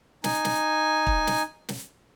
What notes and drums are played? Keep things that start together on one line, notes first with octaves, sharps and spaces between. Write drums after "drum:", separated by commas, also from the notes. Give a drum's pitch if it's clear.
D#4 G#5, drum: snare
drum: snare
drum: kick
drum: snare
drum: snare